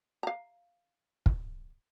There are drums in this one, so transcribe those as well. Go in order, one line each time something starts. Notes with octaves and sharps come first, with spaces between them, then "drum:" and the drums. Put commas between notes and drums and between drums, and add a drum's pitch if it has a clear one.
F5 A#5
drum: kick